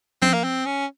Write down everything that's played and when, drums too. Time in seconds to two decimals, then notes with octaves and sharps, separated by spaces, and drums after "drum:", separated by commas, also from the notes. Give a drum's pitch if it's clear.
0.22 C4, drum: tom F3
0.33 A#3
0.44 C4
0.66 C#4